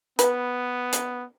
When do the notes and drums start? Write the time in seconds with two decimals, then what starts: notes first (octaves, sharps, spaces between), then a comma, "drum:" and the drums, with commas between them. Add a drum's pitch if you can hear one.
0.19 B3 B4, drum: hi-hat
0.93 drum: hi-hat